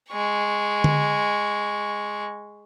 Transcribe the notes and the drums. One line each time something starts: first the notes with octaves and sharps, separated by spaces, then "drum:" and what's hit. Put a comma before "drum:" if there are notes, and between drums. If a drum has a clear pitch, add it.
G#3 C#6
drum: tom D3